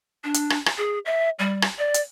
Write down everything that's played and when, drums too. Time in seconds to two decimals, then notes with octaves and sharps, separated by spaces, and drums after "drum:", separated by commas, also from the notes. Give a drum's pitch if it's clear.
0.24 D4
0.34 drum: hi-hat
0.50 drum: rim click
0.66 drum: rim click
0.78 G#4
1.06 E5
1.39 G3
1.62 drum: rim click
1.78 D5
1.94 drum: hi-hat